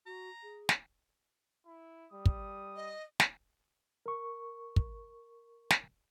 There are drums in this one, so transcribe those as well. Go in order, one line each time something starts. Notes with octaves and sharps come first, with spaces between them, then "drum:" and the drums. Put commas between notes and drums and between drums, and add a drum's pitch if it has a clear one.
F#4 A#5
G#4
drum: snare
E4
G3 D#6
drum: kick
D#5
drum: snare
A#4 C#6
drum: kick
drum: snare